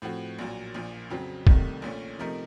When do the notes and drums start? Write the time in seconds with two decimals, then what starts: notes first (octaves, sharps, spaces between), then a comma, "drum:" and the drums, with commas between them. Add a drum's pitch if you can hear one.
0.02 A2 F3 C4 F#4
0.39 A#1 A#2 F#3
0.74 A#1 A#2 F3
1.10 F2 C#3 F#3 C4
1.47 C2 C3 D#3 A3, drum: kick
1.82 A#1 A#2 A3 C#4
2.19 C3 F3 A3 D#4 A#4